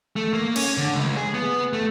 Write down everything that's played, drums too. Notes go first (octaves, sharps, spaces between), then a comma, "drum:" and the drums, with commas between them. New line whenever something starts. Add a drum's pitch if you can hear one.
A3
A#3
C#4, drum: cymbal
D3
C#2
G#4
B3
A3